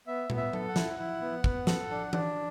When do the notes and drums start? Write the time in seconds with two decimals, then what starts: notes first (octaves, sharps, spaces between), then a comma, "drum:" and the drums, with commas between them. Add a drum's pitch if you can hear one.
0.07 B3 E5
0.30 B3, drum: tom A#2
0.37 E5
0.53 A4, drum: tom F#3
0.68 F#5
0.76 E4, drum: snare
0.99 E4
1.22 B3
1.44 B3, drum: kick
1.67 A4, drum: snare
1.91 D4
2.13 D4, drum: tom E3